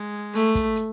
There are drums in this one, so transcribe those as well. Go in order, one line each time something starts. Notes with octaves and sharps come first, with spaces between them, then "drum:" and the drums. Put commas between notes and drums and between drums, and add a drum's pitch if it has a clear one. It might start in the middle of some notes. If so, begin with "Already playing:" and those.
Already playing: G#3
A3, drum: hi-hat
drum: kick, hi-hat
drum: hi-hat